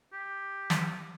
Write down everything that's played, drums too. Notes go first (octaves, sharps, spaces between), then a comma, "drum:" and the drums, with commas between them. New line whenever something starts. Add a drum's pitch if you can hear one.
G4
drum: snare